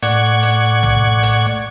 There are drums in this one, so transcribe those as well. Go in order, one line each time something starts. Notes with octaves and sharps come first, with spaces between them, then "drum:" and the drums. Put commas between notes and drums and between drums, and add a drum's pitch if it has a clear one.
A2 D5 F#5 C#6 G#6, drum: hi-hat
drum: hi-hat
drum: tom A#1
drum: hi-hat